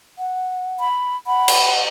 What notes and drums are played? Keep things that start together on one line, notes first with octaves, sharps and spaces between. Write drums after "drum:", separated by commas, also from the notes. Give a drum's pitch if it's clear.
F#5
B5
F#5 B5
drum: cymbal